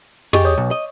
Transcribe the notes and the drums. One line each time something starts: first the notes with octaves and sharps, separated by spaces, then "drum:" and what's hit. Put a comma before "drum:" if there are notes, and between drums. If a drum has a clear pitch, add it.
G4 G#4 D#5 C#6 D6, drum: tom
C#5 D6 D#6
B1
D#5